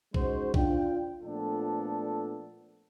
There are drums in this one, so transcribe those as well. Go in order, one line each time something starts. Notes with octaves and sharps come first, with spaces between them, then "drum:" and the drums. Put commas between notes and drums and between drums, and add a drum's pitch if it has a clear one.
G#3 C#4 D#4 F#4 C5, drum: kick B1
D4 F4 G5, drum: kick B1
A#2 F3 A3 B3 D4 A4